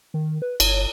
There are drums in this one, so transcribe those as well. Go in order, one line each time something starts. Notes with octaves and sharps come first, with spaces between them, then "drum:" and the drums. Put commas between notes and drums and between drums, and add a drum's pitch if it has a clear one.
D#3
B4
G1 C#5, drum: cymbal